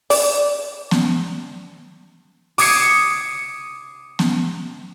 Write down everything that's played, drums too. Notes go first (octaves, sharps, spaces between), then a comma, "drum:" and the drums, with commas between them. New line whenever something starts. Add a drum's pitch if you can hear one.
D5, drum: open hi-hat
drum: snare B3
D6 D#6 G#6 C7 C#7 D#7, drum: open hi-hat
drum: snare B3